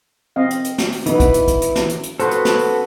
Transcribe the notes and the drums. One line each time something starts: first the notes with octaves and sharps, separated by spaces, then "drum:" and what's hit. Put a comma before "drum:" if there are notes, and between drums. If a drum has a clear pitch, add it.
C4 D#5 F5
drum: hi-hat
drum: hi-hat
drum: snare
drum: open hi-hat
E3 B3 D#4, drum: hi-hat
drum: kick, hi-hat
drum: hi-hat
drum: kick, hi-hat
drum: hi-hat
drum: snare
drum: hi-hat
drum: hi-hat
B3 F#4 A4 C5, drum: hi-hat
drum: hi-hat
drum: snare
drum: open hi-hat